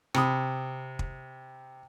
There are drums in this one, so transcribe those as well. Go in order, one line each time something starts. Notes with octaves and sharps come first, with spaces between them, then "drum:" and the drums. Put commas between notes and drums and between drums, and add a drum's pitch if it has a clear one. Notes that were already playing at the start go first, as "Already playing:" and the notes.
C3 B5 D#6, drum: rim click
drum: kick